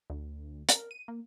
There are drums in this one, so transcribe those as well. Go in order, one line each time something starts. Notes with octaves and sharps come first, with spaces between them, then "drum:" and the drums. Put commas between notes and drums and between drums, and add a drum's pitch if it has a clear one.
D2
A#4, drum: hi-hat
D#7
A#3